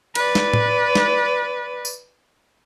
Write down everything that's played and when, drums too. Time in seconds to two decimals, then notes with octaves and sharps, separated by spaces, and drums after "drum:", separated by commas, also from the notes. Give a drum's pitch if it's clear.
0.15 B4 D5, drum: cymbal
0.35 drum: snare
0.54 drum: tom A2
0.95 drum: snare
1.85 drum: tambourine